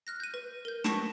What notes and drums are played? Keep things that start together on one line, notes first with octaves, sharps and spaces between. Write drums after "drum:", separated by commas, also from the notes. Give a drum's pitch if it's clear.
F6 F#6 A#6
G6 D#7
B4
A#4 G6
A5 C#6 A#6 B6, drum: snare